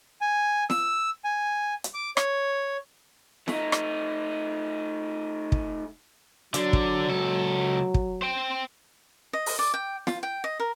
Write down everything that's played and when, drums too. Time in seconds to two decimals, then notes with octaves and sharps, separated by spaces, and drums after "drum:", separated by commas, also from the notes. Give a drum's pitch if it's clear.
0.21 G#5
0.70 E6, drum: snare
1.24 G#5
1.84 drum: hi-hat
1.94 D6
2.17 C#5, drum: rim click
3.48 A3 D#4, drum: snare
3.72 drum: rim click
5.52 drum: kick
6.54 D3 F#3 D4, drum: hi-hat
6.73 drum: kick
7.09 C#2 A4
7.94 drum: kick
8.22 C5 G5
9.33 D#5
9.46 drum: open hi-hat
9.59 D5
9.74 G5
10.07 F4, drum: snare
10.23 G5
10.44 D#5
10.60 A#4